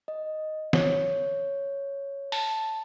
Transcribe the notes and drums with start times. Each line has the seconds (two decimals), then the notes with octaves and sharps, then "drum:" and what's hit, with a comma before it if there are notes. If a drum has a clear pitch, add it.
0.08 D#5
0.73 C#5, drum: snare
2.32 A5, drum: open hi-hat